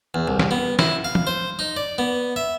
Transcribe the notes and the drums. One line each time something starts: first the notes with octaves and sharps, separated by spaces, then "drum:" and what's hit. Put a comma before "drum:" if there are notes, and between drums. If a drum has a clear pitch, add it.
E2
C2
drum: snare
B3
E4, drum: snare
F5
drum: tom E3
C5
D#4
D5
B3
E5